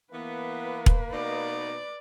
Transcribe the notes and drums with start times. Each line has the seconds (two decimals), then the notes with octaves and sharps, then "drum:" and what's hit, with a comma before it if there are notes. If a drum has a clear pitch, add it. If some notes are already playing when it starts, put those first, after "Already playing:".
0.13 E3 A#3 B3 B4
0.86 drum: kick E1
1.12 B2 D#4 D5